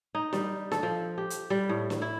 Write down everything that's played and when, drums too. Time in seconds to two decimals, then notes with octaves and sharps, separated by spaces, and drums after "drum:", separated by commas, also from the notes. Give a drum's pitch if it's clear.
0.15 D#4
0.33 G3, drum: snare
0.72 A4, drum: snare
0.83 F3
1.18 G4
1.30 drum: hi-hat
1.50 G3
1.69 A2
1.90 drum: snare
2.02 E4